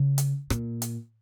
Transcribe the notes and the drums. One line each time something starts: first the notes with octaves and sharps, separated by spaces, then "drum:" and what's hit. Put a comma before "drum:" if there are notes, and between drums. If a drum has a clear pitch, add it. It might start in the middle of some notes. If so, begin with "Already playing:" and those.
Already playing: C#3
drum: hi-hat
A#2, drum: rim click
drum: hi-hat